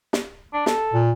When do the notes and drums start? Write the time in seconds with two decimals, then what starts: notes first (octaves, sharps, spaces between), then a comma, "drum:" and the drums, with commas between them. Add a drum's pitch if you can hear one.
0.13 drum: snare
0.53 D4
0.66 A4, drum: snare
0.94 A#2